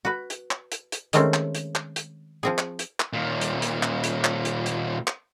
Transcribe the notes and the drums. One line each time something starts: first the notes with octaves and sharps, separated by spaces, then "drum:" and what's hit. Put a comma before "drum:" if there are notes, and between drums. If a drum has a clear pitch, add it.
F#4 B4
drum: hi-hat
drum: clap
drum: hi-hat
drum: hi-hat
D#3 G#3 A3 C4 C#4, drum: hi-hat
drum: clap
drum: hi-hat
drum: clap
drum: hi-hat
F3 C4 G#4
drum: clap
drum: hi-hat
drum: clap
D#2 A#2
drum: hi-hat
drum: hi-hat
drum: clap
drum: hi-hat
drum: clap
drum: hi-hat
drum: hi-hat
drum: clap